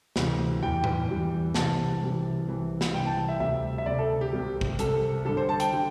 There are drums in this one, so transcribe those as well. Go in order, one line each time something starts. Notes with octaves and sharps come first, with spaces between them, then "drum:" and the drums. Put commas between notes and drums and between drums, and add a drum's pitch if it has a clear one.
D2 C3 E3 G3, drum: snare
E2 E3 G3 G5
drum: tom A2
E2 E3 G3
C2 C3 E3 G3 A5, drum: snare
C2 C3 E3 G3
C2 C3 E3
drum: snare
C2 C3 E3 G5
A5
G5
E5
D2 C3 G3 E5
E5
D2 C3 G3 D5
A4
G4
C2 C3 G3
drum: kick
C2 C3 G3 A4, drum: hi-hat
G2 D3 G3 A4
C5
A5
G5, drum: hi-hat
D3 G3